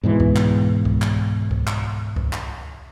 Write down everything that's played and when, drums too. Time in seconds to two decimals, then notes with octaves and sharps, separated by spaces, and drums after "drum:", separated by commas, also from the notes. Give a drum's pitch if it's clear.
0.03 G#2 B2 E3
0.20 drum: kick C2
0.36 drum: clap
0.85 drum: kick C2
1.02 drum: clap
1.51 drum: kick C2
1.67 drum: clap
2.16 drum: kick C2
2.33 drum: clap